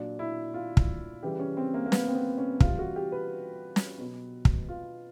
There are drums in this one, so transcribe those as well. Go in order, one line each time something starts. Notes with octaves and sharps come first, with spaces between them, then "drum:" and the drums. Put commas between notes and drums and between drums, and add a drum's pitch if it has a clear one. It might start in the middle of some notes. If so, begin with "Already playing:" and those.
Already playing: A#2 F#3 D4
E4
F4
drum: kick
C#3 E3 G3 G4
C#4
C4
A#3
A#3
B3, drum: snare
C4
B3
C#4
C3 E3 G3 F4, drum: kick
F#4
G4
B4
drum: snare
B2 F#3
drum: kick
F4